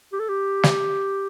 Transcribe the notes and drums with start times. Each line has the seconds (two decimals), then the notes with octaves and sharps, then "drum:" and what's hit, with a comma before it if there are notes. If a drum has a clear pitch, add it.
0.13 G4
0.19 A4
0.29 G4
0.63 drum: snare